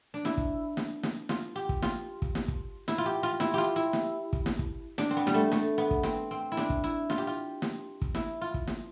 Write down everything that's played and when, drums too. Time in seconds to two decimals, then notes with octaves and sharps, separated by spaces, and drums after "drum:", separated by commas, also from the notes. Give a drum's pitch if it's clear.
0.14 D4
0.25 E4, drum: snare
0.38 drum: kick
0.77 drum: snare
1.03 drum: snare
1.29 F4, drum: snare
1.56 G4
1.69 drum: kick
1.82 F4, drum: snare
2.22 drum: kick
2.35 drum: snare
2.48 drum: kick
2.88 E4, drum: snare
2.98 F4
3.05 G4
3.23 F4
3.40 E4, drum: snare
3.54 F4 G4
3.76 E4
3.93 drum: snare
4.33 drum: kick
4.46 drum: snare
4.59 drum: kick
4.98 D4, drum: snare
5.11 C4
5.17 B3
5.27 G3, drum: snare
5.34 A3
5.52 A3, drum: snare
5.78 B3
5.91 drum: kick
6.03 C4, drum: snare
6.31 C4
6.52 E4
6.57 D4, drum: snare
6.70 drum: kick
6.84 E4
7.10 F4, drum: snare
7.18 G4
7.27 F4
7.62 drum: snare
8.02 drum: kick
8.15 E4, drum: snare
8.41 F4
8.54 drum: kick
8.67 drum: snare